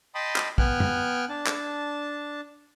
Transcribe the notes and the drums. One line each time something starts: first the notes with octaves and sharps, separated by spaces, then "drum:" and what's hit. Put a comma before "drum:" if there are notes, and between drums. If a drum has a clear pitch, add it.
D#5 G5 A5 B5 C6 D#6
drum: clap
B3 G5 G#5 F6 F#6, drum: kick
drum: tom F#2
D4 A5
drum: clap